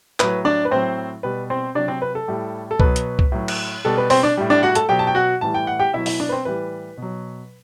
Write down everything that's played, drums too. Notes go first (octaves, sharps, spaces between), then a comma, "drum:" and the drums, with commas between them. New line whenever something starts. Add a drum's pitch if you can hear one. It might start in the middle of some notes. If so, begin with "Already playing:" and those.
A2 F#3 B4, drum: clap
D4 D5
B4
A2 F#3 C4 C5
B2 G3 B4
C4 C5
C3 F#3 D4 D5
C4 C5
B4
A4
A2 G3
A4
B2 F#3 B4, drum: kick C2
drum: hi-hat
drum: kick C2
A2 F#3
drum: cymbal
B2 G3 A4
B4
C4 C5, drum: open hi-hat
D4 D5
A2 G3
D4 D5
F#4 F#5
A4 A5, drum: hi-hat
B2 F#3 G4 G5
A5
G5
F#4 F#5
A2 E3 G3 A5
G5
F#5
G4 G5
B2 F#3 E4 E5
E4 E5, drum: open hi-hat
D4 D5
B4
C4 C5
A2 E3 G3 B4
B2
F#3